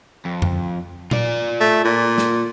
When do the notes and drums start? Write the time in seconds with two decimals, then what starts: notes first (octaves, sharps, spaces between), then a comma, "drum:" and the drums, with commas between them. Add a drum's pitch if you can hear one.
0.25 F2
0.42 drum: tom F2
1.11 F4 D5, drum: tom A#2
1.61 A3
1.84 A#2
2.18 drum: snare